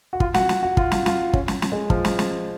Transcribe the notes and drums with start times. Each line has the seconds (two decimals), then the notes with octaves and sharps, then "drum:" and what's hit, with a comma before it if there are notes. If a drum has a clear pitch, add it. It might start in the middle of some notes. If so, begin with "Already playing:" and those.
0.13 F#4
0.20 F4, drum: kick
0.34 F#4, drum: snare
0.49 drum: snare
0.63 F#4
0.77 F4, drum: kick
0.92 drum: snare
1.06 F4, drum: snare
1.33 C#4, drum: kick
1.48 drum: snare
1.62 drum: snare
1.72 G#3
1.90 F3, drum: kick
2.05 drum: snare
2.19 drum: snare